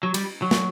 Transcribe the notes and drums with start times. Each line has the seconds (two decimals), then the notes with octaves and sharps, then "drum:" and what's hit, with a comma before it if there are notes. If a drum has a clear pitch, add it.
0.03 F#3
0.14 G3, drum: cymbal
0.42 F#3
0.51 drum: snare